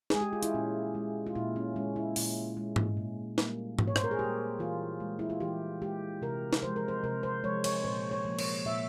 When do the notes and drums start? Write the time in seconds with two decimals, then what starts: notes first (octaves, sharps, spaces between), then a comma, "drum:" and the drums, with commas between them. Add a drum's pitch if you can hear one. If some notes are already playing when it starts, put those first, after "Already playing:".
0.10 G#3 G#4, drum: snare
0.21 G4
0.33 F4
0.43 E4, drum: hi-hat
0.54 A#2 C#4
0.95 G#3
1.27 F4
1.35 A#2 E4
1.56 C#4
1.76 G#3 C#4
1.96 E4
2.16 A#2, drum: open hi-hat
2.57 G#3
2.76 drum: tom G#2
2.97 A#2
3.38 G3 A#3, drum: snare
3.79 A#2, drum: tom G#2
3.87 C#5
3.96 C5, drum: rim click
4.04 A#4
4.11 G#4
4.19 A#3 G4
4.24 G3
4.59 E3 F4
5.00 G#3
5.19 E4
5.30 F4
5.40 E3 G4
5.82 G#3 G4
6.22 C3 A#4
6.53 drum: snare
6.63 F3 G#3 C5
6.76 A#4
6.88 C5
7.04 C3 A#4
7.23 C5
7.44 F3 G#3 C#5
7.64 C#5, drum: cymbal
7.84 A#2 C5
8.11 C#5
8.25 F3 A#3
8.39 C#5, drum: cymbal
8.65 A#2 E5